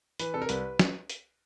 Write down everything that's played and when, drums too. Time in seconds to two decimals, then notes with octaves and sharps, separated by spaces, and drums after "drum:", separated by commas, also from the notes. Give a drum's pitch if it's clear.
0.19 E3 B4, drum: hi-hat
0.34 C3 A4
0.42 A#4
0.49 C2 B4, drum: hi-hat
0.79 drum: snare
1.10 drum: hi-hat